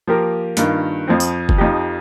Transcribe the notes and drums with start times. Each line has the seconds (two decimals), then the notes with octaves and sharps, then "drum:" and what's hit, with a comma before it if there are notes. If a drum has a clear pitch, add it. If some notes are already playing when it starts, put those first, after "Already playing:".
0.07 F3 A#3 G4 A#4
0.57 G2 D#3 A#3 F4, drum: hi-hat
1.08 F2 F3 C4
1.20 drum: tambourine
1.49 drum: kick
1.58 F2 F3 D#4 G4